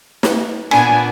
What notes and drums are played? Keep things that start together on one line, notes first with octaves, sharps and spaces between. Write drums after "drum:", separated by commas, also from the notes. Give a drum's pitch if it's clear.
drum: snare
A#2 B3 D4 G#5, drum: rim click